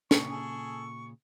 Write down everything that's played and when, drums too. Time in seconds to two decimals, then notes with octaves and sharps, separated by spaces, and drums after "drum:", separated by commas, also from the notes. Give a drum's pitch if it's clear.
0.11 A#2 C#3 C#6, drum: snare
0.30 G#4 A4